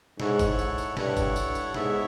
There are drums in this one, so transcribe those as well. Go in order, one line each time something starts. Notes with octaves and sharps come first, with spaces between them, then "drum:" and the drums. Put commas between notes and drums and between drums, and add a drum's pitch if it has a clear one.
G#2 E4 A4 C#5 F#5, drum: snare
drum: kick, tambourine
drum: tambourine
drum: tambourine
G2 E4 A4 C#5 F#5, drum: snare
drum: kick, tambourine
drum: tambourine
drum: tambourine
G#2 B3 E4 A4 C#5 E5, drum: snare